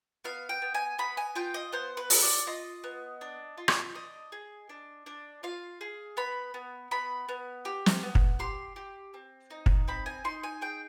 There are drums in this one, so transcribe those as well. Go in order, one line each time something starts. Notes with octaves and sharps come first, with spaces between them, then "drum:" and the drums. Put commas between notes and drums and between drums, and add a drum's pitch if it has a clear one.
B3 F5
G5
B3
G#5
B3 B5
G#5
F4 G5
D#5
B3 C5
B4
F4, drum: open hi-hat
D5
F4 D#5
B3
D4
F4
drum: rim click
D4 D#5
G#4
D4
D4
F4 F5
G#4
B3 B5
B3
B3 B5
B3
G4
drum: snare
B3
drum: kick
G4 C6
G4
C4
D#4
drum: kick
C4 B5
G#5
D#4 C6
G#5
G#4 G5